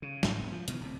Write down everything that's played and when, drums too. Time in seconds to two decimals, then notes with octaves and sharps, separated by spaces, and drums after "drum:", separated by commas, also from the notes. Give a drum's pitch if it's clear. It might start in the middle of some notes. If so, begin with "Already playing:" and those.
0.02 C#3
0.23 G#1 G#2 G3, drum: snare
0.39 E1 B3
0.52 F3
0.68 B2 D#3 E3, drum: hi-hat
0.80 D1 C3